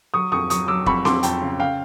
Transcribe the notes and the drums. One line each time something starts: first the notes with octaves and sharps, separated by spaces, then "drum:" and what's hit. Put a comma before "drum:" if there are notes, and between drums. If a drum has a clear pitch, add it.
F#3 C#6 D#6
F2 C#6 D#6
F#3 C#6 D#6, drum: hi-hat
F#3 D6 E6
F2 B5 C#6, drum: kick E1
F2 C6 D6, drum: snare C4
F2 G5 A5, drum: hi-hat
C#3
C#3 F5 G5